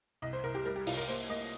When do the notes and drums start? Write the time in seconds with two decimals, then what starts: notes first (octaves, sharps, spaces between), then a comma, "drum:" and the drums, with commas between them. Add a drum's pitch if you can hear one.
0.22 C2 D#5
0.33 C5
0.44 C2 A#4
0.55 G4
0.65 G3 A#4
0.76 G4
0.87 C2 F4, drum: open hi-hat
0.97 A#4
1.08 A#3 C5
1.29 A#3 D#5